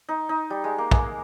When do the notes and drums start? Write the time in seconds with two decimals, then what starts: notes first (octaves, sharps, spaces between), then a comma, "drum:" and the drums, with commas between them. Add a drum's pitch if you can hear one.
0.09 D#4
0.29 D#4
0.50 G3
0.64 G#3
0.78 A#3
0.91 G#3, drum: kick